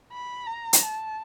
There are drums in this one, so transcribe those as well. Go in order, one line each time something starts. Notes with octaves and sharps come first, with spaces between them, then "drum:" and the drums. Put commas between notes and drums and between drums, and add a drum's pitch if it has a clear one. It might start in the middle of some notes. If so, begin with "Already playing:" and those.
B5
A#5
drum: hi-hat
A5